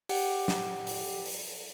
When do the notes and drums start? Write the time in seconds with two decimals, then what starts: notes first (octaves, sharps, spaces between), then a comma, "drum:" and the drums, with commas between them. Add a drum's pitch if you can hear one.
0.09 G4 F#5 G5, drum: open hi-hat
0.48 drum: snare
0.87 drum: open hi-hat
1.26 drum: open hi-hat